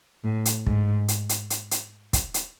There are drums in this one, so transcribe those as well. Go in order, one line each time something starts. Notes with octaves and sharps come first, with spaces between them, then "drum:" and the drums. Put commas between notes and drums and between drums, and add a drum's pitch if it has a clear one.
A2
drum: hi-hat
G#2, drum: kick
drum: hi-hat
drum: hi-hat
drum: hi-hat
drum: hi-hat
drum: kick, hi-hat
drum: hi-hat